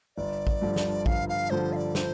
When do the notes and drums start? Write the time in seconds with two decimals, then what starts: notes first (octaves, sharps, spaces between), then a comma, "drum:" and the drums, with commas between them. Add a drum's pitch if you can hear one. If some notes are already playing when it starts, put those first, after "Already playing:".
0.17 G1 D5
0.47 drum: kick A1
0.61 G2 D3 F3
0.76 drum: snare
1.06 G1 F5, drum: kick A1
1.29 F5
1.50 G2 D3 F3 C5
1.73 F5
1.76 D5
1.95 C5, drum: snare